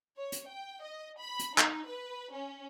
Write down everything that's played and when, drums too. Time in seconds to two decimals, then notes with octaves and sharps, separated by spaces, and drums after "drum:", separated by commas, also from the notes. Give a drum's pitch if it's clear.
0.18 C#5
0.32 drum: hi-hat
0.48 G5
0.82 D#5
1.18 B5
1.39 drum: hi-hat
1.58 D#4, drum: clap
1.87 B4
2.32 C#4